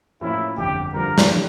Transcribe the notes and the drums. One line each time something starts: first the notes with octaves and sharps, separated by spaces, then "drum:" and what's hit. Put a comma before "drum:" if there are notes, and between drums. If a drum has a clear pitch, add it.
A2 F3 A#3 C#4 E4 F4
G1 F2 D3 G4
G2 D3 F3 A#4
drum: snare
D3 G3